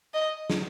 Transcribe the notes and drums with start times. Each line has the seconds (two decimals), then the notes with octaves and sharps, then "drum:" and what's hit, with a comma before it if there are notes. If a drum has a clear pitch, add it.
0.14 D#5
0.50 drum: snare